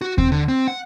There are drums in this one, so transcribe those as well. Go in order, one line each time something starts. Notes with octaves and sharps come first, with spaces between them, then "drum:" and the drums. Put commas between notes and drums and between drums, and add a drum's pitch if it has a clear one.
F#4
C4, drum: kick D#2
D3
C4
F#5